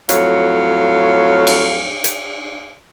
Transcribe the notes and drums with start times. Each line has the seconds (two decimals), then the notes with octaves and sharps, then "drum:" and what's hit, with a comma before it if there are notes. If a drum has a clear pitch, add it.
0.09 F2 A2 F#3 C#5 F5, drum: hi-hat
1.47 drum: cymbal
2.04 drum: hi-hat